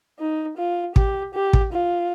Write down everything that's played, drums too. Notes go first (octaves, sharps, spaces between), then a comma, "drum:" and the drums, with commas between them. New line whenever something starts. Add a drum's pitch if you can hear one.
D#4
F4
G4, drum: kick
G4
drum: kick
F4